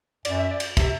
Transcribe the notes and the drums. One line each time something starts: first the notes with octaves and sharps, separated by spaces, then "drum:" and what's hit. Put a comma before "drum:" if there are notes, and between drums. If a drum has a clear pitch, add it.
F#2 D5, drum: cymbal
E5
D5
drum: cymbal
C3 E5, drum: kick, cymbal